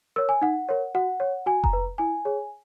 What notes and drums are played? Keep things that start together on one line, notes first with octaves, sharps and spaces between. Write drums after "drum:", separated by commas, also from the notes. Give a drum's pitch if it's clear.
A#4 C#5 E6
G#5
D#4 F#5
A#4 C#5
F#4 F#5
C#5
F#4 G#5
A#5, drum: kick F1
B4
E4 G#5
G#4 C#5